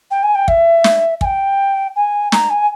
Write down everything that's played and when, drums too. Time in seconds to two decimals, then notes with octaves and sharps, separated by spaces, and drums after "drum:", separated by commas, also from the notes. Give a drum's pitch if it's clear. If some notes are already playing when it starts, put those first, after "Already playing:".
0.11 G5
0.23 G#5
0.35 G5
0.48 E5, drum: kick
0.84 drum: snare
1.21 G#5, drum: kick
1.24 G5
1.95 G#5
2.32 A#5, drum: snare
2.50 G#5